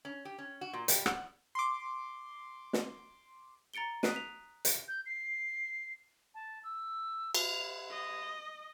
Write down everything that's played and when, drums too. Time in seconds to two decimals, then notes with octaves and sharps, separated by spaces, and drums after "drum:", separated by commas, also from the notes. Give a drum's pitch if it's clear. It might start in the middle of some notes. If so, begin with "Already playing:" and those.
0.05 C#4
0.25 G4
0.38 C#4
0.61 F#4
0.73 A#2
0.88 G3, drum: hi-hat
1.06 F#5, drum: rim click
1.55 C6 D6
2.73 drum: snare
3.74 A#5 A6 C#7 D7 G7
4.03 D#6 F#6 B6 C7 D7 D#7, drum: snare
4.15 B6 F7
4.65 drum: hi-hat
4.88 G6
5.06 C7
6.35 A5
6.64 E6
7.35 F7, drum: cymbal
7.90 D#5